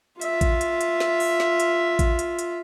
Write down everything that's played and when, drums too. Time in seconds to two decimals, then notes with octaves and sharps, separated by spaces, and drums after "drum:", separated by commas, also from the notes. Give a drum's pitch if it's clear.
0.21 F4 E5, drum: hi-hat
0.41 drum: kick A1, hi-hat
0.61 drum: hi-hat
0.81 drum: hi-hat
1.00 drum: snare
1.20 drum: open hi-hat
1.40 drum: snare
1.60 drum: hi-hat
1.99 drum: kick A1, hi-hat
2.19 drum: hi-hat
2.39 drum: hi-hat